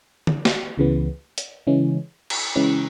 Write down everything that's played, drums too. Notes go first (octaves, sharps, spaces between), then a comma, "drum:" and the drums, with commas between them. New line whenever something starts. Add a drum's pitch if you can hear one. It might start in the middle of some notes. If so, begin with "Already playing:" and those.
drum: tom D3
drum: snare
C#2 C#3 E3 B3
drum: hi-hat
C#3 E3 G#3 C#4
drum: cymbal
C#3 E3 G#3 C#4